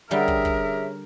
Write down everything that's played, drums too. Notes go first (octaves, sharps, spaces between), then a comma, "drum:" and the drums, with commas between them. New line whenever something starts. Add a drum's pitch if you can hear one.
D3 G3 C#4 G4 G#4 A#4 E5 G5
drum: kick
drum: kick